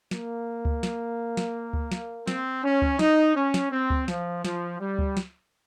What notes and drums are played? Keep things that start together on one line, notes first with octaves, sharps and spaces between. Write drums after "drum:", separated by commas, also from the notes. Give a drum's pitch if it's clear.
A#3, drum: snare
drum: kick C#2
drum: snare
drum: snare
drum: kick C#2
drum: snare
C4, drum: snare
C#4
drum: kick C#2
D#4, drum: snare
C#4
drum: snare
C4
drum: kick C#2
F3, drum: snare
F3, drum: snare
G3
drum: kick C#2
drum: snare